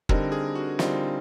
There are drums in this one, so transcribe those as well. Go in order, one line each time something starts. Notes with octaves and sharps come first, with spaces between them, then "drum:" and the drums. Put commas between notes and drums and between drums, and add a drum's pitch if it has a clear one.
D3 G3 C4 D#4 A#4, drum: kick
G#4
F#4
D3 G3 C4 D#4 F4, drum: snare